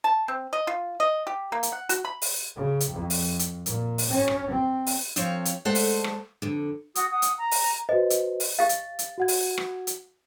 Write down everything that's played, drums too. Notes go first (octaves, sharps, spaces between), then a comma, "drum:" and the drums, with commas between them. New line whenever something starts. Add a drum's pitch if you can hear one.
A5
C4
D#5
F4
D#5
G4
A#3
drum: hi-hat
F#5
F#4, drum: hi-hat
B5
drum: open hi-hat
C#3
drum: hi-hat
F2
drum: open hi-hat
drum: hi-hat
A#2, drum: hi-hat
drum: open hi-hat
C#4
drum: rim click
C4
drum: open hi-hat
F2 F3 C4 C5 C#5 F5, drum: hi-hat
drum: hi-hat
G#3 A3 A4 C5 D5 F#5
drum: open hi-hat
drum: rim click
F2 D3
F#4 D#6, drum: hi-hat
F#5 D#6
drum: hi-hat
A#5
drum: open hi-hat
F#4 B4 C5 D#5
drum: hi-hat
drum: open hi-hat
G4 F5 A6
drum: hi-hat
drum: hi-hat
F#4 F#5 G#6
drum: open hi-hat
drum: rim click
drum: hi-hat